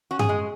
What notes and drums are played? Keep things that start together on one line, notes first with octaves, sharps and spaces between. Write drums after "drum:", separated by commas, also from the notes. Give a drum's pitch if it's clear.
C#4 F#4
G#4, drum: tom G2
G#3